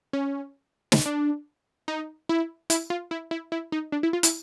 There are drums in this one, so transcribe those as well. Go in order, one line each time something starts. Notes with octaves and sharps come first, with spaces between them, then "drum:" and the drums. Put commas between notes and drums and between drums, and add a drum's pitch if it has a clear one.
C#4
drum: snare
D4
D#4
E4
E4, drum: hi-hat
F4
E4
E4
E4
D#4
D4
E4
F4
E4, drum: hi-hat